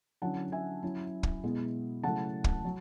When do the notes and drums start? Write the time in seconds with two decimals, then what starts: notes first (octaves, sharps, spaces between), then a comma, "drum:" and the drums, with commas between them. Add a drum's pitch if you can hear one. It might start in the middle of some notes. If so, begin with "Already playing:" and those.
0.22 D3 F#3 C#4 E4 F#5 A5
0.52 E5 G#5
0.83 F#3 C#4 E4
1.23 drum: kick
1.43 B2 G#3 B3 E4
2.03 C#3 F#3 A3 E4 F#5 A5
2.44 drum: kick
2.65 F#3